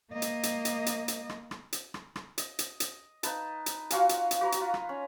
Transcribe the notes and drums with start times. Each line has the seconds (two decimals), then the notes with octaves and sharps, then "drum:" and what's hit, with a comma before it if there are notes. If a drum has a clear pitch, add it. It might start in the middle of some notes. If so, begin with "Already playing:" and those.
0.11 A#3 D#5
0.22 drum: hi-hat
0.43 drum: hi-hat
0.65 drum: hi-hat
0.86 drum: hi-hat
1.08 drum: hi-hat
1.29 drum: rim click
1.51 drum: rim click
1.73 drum: hi-hat
1.94 drum: rim click
2.16 drum: rim click
2.38 D#5, drum: hi-hat
2.59 drum: hi-hat
2.80 drum: hi-hat
3.23 D#4 B4 A5, drum: hi-hat
3.66 drum: hi-hat
3.90 F4 F#4 F5 G#5, drum: hi-hat
4.09 drum: hi-hat
4.31 drum: hi-hat
4.41 F#4 B4 A#5
4.52 drum: hi-hat
4.61 F4
4.74 drum: rim click
4.89 C#4